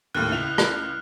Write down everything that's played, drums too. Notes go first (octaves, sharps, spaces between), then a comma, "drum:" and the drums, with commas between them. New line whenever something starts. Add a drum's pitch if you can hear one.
D#2 A2 F6 F#6
C#2 E4 F7
drum: rim click